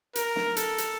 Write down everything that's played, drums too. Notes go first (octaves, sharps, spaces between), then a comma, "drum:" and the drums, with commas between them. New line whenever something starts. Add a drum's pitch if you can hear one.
A#4, drum: hi-hat
drum: snare
A4, drum: hi-hat
drum: hi-hat